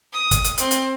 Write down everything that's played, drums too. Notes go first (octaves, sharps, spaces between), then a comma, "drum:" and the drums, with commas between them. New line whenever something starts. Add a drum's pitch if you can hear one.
D#6
drum: kick, hi-hat
drum: hi-hat
C4, drum: hi-hat
drum: hi-hat